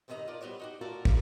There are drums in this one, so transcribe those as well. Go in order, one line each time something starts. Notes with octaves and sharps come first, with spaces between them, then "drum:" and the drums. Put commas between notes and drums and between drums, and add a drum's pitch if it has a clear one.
G2 C3 D#3 F#4 D#5 A#5
F4 A#4 D5
G3 B3 F#4 C5 C#5
D#4 F#4 G4
A3 F4 F#4 A4 A#4 D5
G4 A#4 E5 F5, drum: kick